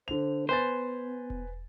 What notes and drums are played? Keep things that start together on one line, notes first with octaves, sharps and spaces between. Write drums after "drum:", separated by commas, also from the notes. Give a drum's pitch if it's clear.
D3 C5 F7
B3 B4 C5 G#5 A6
drum: kick E1